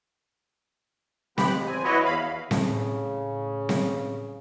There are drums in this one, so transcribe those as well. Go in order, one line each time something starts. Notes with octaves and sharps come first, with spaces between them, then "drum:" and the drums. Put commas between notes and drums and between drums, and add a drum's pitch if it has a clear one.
F3 B3 G4 B5 F#6, drum: snare C4
G#3
E2 C4 G#5
E4 F#4 B4 C#5 D#5
E2 F5 B5
A2 C#3, drum: snare C4
drum: snare C4